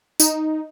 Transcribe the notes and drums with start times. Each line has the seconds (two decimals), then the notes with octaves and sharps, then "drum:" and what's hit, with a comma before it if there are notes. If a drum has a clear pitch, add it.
0.20 D#4, drum: tambourine